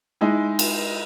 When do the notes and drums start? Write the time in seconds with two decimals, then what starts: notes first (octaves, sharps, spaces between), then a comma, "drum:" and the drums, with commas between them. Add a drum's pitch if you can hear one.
0.21 G#3 D#4 E4
0.59 drum: cymbal